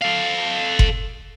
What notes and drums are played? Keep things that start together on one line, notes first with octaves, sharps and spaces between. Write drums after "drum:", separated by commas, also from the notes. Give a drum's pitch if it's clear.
A4 F5
drum: kick F#1